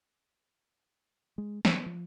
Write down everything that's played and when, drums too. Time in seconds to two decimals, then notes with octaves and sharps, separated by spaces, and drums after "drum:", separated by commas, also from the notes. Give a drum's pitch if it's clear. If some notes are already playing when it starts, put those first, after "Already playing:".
1.38 G#3
1.65 B3, drum: snare
1.86 F3